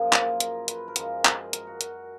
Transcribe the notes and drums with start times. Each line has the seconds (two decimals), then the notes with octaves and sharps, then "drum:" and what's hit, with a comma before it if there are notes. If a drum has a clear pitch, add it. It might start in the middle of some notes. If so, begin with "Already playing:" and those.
Already playing: F#2 F3 A#3 G#4 A#4
0.13 F4, drum: clap
0.40 A#4, drum: hi-hat
0.68 B4, drum: hi-hat
0.88 A#4
0.96 F#2 F3 G#3, drum: hi-hat
1.25 G#4, drum: clap
1.53 A#4, drum: hi-hat
1.67 F#4
1.81 drum: hi-hat